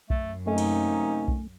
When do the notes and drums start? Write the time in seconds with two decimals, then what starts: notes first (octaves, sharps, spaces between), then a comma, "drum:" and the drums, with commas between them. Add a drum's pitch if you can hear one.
0.10 F#2 A3, drum: kick B1
0.47 C3 A3 A#3 C#4 D#4
0.58 drum: cymbal
1.28 drum: kick B1